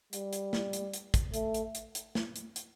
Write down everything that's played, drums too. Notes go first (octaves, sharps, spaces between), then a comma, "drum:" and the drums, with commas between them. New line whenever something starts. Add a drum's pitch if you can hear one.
G3, drum: hi-hat
drum: hi-hat
drum: snare
drum: hi-hat
drum: hi-hat
drum: kick, hi-hat
A3, drum: hi-hat
drum: hi-hat
drum: hi-hat
drum: hi-hat
drum: snare
drum: hi-hat
drum: hi-hat